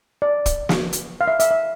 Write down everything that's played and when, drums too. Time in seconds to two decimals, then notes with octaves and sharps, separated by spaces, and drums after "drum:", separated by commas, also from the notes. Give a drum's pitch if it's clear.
0.22 D5
0.46 drum: kick, hi-hat
0.69 drum: snare
0.93 drum: hi-hat
1.21 F5
1.28 E5
1.40 E5, drum: hi-hat
1.51 E5